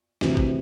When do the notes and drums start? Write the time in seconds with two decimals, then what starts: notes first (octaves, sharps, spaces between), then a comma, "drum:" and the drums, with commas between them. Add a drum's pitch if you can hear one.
0.21 D2 C3 E3, drum: snare
0.37 drum: kick